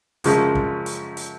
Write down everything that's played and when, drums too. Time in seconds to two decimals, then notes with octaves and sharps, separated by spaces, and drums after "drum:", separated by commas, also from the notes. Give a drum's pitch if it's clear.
0.24 F#2 C#3 F3 G#3, drum: hi-hat
0.55 drum: kick
0.86 drum: hi-hat
1.17 drum: hi-hat